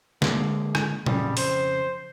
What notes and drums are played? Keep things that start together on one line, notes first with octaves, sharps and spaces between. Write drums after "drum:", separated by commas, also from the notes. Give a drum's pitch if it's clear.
D3 G#3 A#3, drum: snare
drum: rim click
F2 C#3 G3, drum: tom A#2
C5, drum: open hi-hat